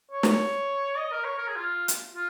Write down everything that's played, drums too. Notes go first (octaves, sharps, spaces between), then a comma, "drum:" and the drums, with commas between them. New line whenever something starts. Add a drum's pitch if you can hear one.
C#5
drum: snare
D#5
A#4
C#5
A#4
G#4
F4
drum: hi-hat
F4